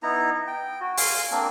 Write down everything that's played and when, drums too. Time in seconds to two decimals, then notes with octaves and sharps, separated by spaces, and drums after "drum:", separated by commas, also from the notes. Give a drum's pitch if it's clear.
0.03 B3 D#4 E4 A#5
0.47 G5
0.81 F#4
0.97 F5 G#5 C6, drum: open hi-hat
1.32 A#3 C4 D4